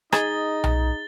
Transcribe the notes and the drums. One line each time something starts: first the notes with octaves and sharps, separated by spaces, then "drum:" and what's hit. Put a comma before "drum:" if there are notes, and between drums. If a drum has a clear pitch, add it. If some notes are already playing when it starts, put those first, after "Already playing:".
D#4 G#4 D#5 A6 G7, drum: rim click
drum: tom B1